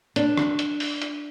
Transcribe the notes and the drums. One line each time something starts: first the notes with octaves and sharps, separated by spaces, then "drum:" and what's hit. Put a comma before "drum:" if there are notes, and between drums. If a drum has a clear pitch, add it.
D4, drum: hi-hat
drum: rim click
drum: hi-hat
drum: open hi-hat
drum: hi-hat